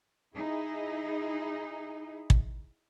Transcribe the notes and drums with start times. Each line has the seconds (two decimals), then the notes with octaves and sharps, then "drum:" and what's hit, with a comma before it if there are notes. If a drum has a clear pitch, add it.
0.34 D#4 E4 G#4
2.30 drum: kick